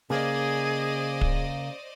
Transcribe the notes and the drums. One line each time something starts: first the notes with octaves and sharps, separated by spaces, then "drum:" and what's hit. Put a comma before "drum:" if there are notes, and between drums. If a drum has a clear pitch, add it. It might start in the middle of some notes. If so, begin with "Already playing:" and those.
C#3 A#3 G#4 C5 D5 D#5
drum: kick